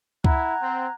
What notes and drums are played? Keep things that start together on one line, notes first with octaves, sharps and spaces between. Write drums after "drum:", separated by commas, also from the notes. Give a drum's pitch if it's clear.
E4 F#5 A#5 F#6 G#6, drum: kick C#2
C4